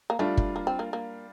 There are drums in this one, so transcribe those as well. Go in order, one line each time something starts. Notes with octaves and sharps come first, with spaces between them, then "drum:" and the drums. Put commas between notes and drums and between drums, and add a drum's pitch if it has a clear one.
A#3
G3 A3 D4 F4
drum: kick
A#3
C4
A#3
A#3